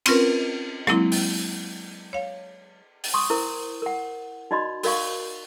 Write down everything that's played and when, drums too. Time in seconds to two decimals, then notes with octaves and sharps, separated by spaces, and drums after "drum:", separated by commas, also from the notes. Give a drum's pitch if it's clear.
0.06 C4 C#4 F4 A#4 B4, drum: cymbal
0.87 F#3 G#3 A#3 C4 E4, drum: rim click
1.12 drum: open hi-hat
2.13 C#5 F5
3.04 drum: open hi-hat
3.14 C6 C#6 D#6
3.30 E4 A#4 C5
3.82 A#4 F#5
4.51 D#4 F#4 D5 D#5 B5 C6
4.83 F#4 A#4 D5 F5 C#6, drum: open hi-hat